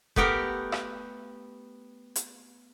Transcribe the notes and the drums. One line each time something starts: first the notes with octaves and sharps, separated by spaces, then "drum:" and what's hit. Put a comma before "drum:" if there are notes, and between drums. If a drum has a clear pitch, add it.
A3 B3 G4 A#4, drum: kick E1
drum: rim click
drum: hi-hat